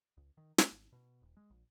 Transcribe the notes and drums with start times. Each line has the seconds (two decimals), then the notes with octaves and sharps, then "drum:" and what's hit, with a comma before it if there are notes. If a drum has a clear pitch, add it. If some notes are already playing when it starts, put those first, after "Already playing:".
0.17 C#2
0.37 D#3
0.58 B3, drum: snare
0.71 G#1
0.92 B2
1.22 D#1
1.37 G#3
1.50 A#1